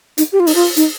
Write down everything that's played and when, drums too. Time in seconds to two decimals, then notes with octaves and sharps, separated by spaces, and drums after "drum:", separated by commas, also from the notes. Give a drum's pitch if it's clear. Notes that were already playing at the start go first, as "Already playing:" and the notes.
0.18 D#4, drum: hi-hat
0.32 G4
0.40 F4
0.47 D#4, drum: open hi-hat
0.55 F4
0.77 D#4, drum: hi-hat